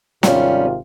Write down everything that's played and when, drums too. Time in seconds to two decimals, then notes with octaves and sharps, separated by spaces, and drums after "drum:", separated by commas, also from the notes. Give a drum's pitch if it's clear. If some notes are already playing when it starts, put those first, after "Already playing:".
0.23 G#1 C3 G3 C#4 F4, drum: snare